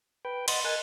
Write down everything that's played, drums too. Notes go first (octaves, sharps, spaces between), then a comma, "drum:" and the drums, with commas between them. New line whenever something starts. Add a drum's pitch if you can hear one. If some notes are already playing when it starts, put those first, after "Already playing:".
B4 G5
D#5 F#5 C6 A6, drum: cymbal
A#4 D#5 G#5 F#6 A6